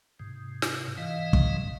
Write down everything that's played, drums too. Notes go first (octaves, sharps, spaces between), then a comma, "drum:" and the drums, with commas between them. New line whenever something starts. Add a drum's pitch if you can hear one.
G#2 C3
drum: snare
G#2 E3 D#5 F5
drum: kick